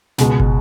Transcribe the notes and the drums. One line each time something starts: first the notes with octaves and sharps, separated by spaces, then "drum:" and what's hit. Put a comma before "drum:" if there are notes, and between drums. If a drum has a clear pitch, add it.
C#2 B2 G#3, drum: snare
drum: kick